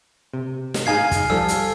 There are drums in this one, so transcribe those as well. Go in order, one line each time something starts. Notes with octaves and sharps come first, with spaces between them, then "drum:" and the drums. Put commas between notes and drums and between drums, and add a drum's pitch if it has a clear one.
C3
drum: snare
G#2 D#4 G#4 F5 G#5 G#6 C7
drum: kick, hi-hat
F3 G3 A4 E6
drum: hi-hat